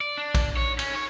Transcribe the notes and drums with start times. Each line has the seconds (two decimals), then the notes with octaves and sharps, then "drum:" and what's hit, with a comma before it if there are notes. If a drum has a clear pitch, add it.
0.01 D5
0.18 D4
0.35 drum: kick A#1, cymbal
0.57 C#5
0.79 C#4, drum: cymbal
0.95 C#5